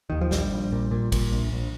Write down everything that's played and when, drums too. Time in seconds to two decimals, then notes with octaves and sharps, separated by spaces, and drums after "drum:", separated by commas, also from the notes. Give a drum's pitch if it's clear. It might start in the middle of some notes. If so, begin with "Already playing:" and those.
0.10 D#2 D#3
0.21 F3
0.31 A#1 G3, drum: snare
0.52 A#1
0.72 A#2
0.91 A#2
1.12 A#2, drum: kick, cymbal
1.32 A#1
1.52 A#1